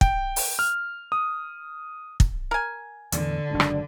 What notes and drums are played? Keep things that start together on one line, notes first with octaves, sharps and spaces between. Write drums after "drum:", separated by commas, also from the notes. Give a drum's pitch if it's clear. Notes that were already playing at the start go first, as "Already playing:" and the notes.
G5, drum: kick
drum: open hi-hat
F6
D#6
drum: kick
A#4 G#5
E2 A2 D3 E3, drum: hi-hat
F#1 G#2 D4
drum: rim click